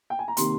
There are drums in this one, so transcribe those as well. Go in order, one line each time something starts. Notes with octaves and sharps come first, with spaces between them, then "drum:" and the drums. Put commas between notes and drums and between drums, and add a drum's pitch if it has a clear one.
G5
G#5
A#5
C3 D#3 A#3 C6, drum: hi-hat